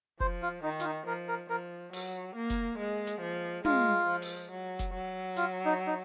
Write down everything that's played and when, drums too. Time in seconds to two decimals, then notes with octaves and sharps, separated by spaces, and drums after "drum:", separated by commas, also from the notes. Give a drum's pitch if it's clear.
0.20 F3 C5, drum: kick
0.42 F4
0.63 D#3 D#4
0.80 F4, drum: hi-hat
0.85 D#4
1.07 F3 A#4
1.28 A#4
1.50 F3 A#4
1.93 F#3, drum: open hi-hat
2.36 A#3
2.50 drum: kick, hi-hat
2.79 G#3
3.07 drum: hi-hat
3.22 F3
3.65 G#3 F4, drum: tom
4.07 F3
4.22 drum: open hi-hat
4.51 F#3
4.79 drum: kick, hi-hat
4.94 F#3
5.37 F4, drum: hi-hat
5.65 D#4
5.87 D#4